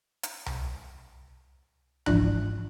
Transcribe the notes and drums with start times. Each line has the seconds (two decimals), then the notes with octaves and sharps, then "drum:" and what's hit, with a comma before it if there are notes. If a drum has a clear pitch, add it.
0.23 drum: hi-hat
0.46 drum: tom C2
2.06 G1 G#2 E3 F3 D4 F#6, drum: tom C2